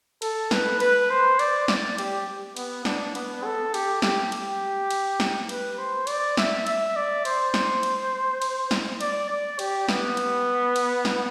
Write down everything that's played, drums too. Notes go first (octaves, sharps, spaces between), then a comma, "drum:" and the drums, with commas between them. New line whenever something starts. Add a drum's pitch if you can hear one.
A4, drum: cymbal
B4, drum: snare
B4, drum: cymbal
C5
D5, drum: cymbal
D5, drum: snare
G4, drum: cymbal
B3, drum: cymbal
D4, drum: snare
B3, drum: cymbal
A4
G4, drum: cymbal
G4, drum: snare
G4, drum: cymbal
drum: cymbal
drum: snare
B4, drum: cymbal
C5
D5, drum: cymbal
E5, drum: snare
E5, drum: cymbal
D5
C5, drum: cymbal
drum: snare
drum: cymbal
drum: cymbal
drum: snare
D5, drum: cymbal
D5
G4, drum: cymbal
B3, drum: snare
drum: cymbal
drum: cymbal
drum: snare